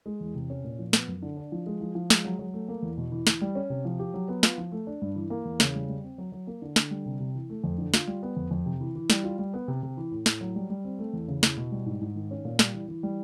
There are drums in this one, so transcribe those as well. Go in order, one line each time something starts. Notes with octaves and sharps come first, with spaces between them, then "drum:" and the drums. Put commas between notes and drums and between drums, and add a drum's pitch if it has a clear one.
G#3
E2
C3
C#4
A#2
F3
B3, drum: snare
F#2
D3
D4
F3
G#3
F3
F3
G#3, drum: snare
F#3
F#3
A3
A#3
E2
B2
E3
E3, drum: snare
G3
C#4
C3
F3
G4
F#3
B3
F4, drum: snare
F3
A3
D4
G2
E3
A#3
E2
C#3, drum: snare
G3
G3
C4
F#3
F#3
A#3
D3
D3, drum: snare
G3
C3
C3
E3
A3
F2
D3
F4, drum: snare
G3
B3
F2
F2
C3
E3
E3
G3, drum: snare
F4
G3
B3
C3
C3
E3
A2
A2, drum: snare
F#3
G3
G3
C4
A3
E2
C#3
E4, drum: snare
B2
G3
G#2
G#2
D#3
C#4
A#2
G3, drum: snare
E3
E3
G3